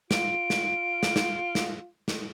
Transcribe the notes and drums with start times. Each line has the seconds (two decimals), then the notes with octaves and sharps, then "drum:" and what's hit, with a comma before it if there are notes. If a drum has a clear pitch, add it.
0.11 F4 D7, drum: snare
0.50 drum: snare
1.03 drum: snare
1.16 drum: snare
1.55 drum: snare
2.08 drum: snare